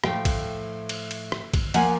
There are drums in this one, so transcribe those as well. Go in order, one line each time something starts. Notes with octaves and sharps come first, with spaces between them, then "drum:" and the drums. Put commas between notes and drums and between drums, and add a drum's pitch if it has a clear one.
A2 F3 A3 F5 G5, drum: rim click
drum: kick, cymbal
drum: cymbal
drum: cymbal
drum: rim click
drum: kick, cymbal
F3 A#3 F#5 G#5, drum: cymbal